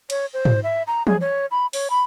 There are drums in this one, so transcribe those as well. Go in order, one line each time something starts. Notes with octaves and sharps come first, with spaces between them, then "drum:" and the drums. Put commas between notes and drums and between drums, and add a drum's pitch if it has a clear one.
C#5, drum: cymbal
C5
drum: tom G#2
E5
A#5
G#4, drum: tom
C#5
B5
C#5, drum: open hi-hat
B5